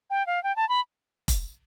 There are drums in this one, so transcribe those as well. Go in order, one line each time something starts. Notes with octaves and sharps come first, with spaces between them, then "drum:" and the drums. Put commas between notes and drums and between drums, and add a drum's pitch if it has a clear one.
G5
F5
G5
A5
B5
drum: kick F1, hi-hat